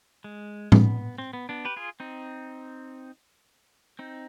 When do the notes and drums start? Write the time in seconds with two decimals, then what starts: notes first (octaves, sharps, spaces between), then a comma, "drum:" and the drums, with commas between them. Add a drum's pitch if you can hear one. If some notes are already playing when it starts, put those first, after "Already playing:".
0.24 G#3
0.72 B3, drum: tom A2
1.18 C4
1.33 B3
1.49 B3 D4
1.65 G4 B4
1.76 F4 G#4
2.00 C4 D#4
3.99 C4 D#4